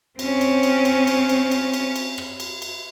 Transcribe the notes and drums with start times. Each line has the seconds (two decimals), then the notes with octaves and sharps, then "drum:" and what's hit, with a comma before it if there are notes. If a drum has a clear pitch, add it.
0.19 C4 C#4, drum: cymbal
0.41 drum: cymbal
0.63 drum: cymbal
0.85 drum: cymbal
1.07 drum: cymbal
1.29 drum: cymbal
1.51 drum: cymbal
1.74 drum: cymbal
1.96 drum: cymbal
2.18 drum: rim click
2.40 drum: cymbal
2.62 drum: cymbal